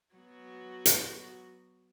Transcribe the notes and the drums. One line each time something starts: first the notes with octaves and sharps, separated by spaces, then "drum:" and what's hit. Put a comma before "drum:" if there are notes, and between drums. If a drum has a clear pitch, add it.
F#3 B3 F#4
drum: hi-hat